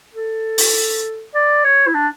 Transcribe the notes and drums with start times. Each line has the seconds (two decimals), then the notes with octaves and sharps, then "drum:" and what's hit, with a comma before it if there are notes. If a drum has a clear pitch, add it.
0.14 A4
0.58 drum: open hi-hat
1.34 D5
1.64 C#5
1.87 E4
1.94 D4